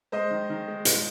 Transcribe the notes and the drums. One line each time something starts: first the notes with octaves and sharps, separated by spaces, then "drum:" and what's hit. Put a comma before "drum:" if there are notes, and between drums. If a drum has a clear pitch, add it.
G#3 C5 D#5
D#3
D#3
G#3
G#3, drum: hi-hat